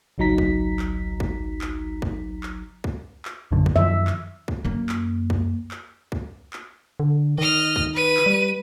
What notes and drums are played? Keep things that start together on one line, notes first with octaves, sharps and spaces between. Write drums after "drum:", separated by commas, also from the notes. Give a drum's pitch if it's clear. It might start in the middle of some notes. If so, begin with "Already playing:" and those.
G#1 C#2 F#3 D#4 A#5 B6
drum: kick C2
drum: clap
drum: kick C2
drum: clap
drum: kick C2
drum: clap
drum: kick C2
drum: clap
A#1 F#2 D3
drum: kick C2
F#2 D#3 F3 E5
drum: clap
drum: kick C2
F#2 A#3
drum: clap
drum: kick C2
drum: clap
drum: kick C2
drum: clap
D3
D#3 D#5 F6
drum: kick C2
B4 D#7
drum: clap
G3